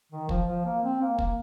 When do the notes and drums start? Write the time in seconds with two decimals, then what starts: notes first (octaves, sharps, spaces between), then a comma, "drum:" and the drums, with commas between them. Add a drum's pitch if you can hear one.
0.12 D#3
0.29 F3, drum: kick
0.48 F3
0.66 A#3
0.84 C4
1.01 A#3
1.19 A#3, drum: kick